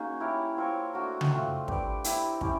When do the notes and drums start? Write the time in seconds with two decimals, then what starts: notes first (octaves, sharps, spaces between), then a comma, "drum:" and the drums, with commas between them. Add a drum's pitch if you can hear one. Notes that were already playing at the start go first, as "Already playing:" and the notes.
Already playing: A#3 C#4 D#4 F#4 G#4
0.20 E4 G4 A#4 C#5
0.57 C4 F4 A#4 C#5
0.94 A3 D4 F#4 A#4
1.21 drum: tom C#3
1.30 A3 C4 F4
1.68 D4 G4 B4 D5, drum: kick
2.04 C4 E4 G4 A#4, drum: hi-hat
2.41 C#4 E4 G4, drum: kick